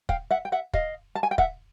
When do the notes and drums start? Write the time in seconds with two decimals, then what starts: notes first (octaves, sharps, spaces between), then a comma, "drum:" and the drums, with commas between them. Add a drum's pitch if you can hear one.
0.09 F5 G5, drum: kick
0.30 E5 F#5
0.45 G5
0.52 E5 F#5
0.73 D#5 F5, drum: kick
1.15 A5
1.23 G#5
1.31 G5
1.38 E5 F#5, drum: kick